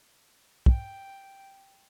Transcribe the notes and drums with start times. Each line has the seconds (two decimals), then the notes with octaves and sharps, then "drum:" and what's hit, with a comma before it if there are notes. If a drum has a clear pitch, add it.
0.66 G5, drum: kick